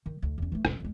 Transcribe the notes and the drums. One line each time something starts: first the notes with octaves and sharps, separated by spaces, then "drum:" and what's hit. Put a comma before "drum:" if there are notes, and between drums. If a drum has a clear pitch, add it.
D#3
D2
E2 C#4
E3 A3
E1 C#4, drum: rim click
E2 G#3